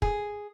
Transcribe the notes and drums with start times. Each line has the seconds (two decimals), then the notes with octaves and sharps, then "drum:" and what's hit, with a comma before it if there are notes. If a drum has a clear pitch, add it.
0.02 G#4, drum: kick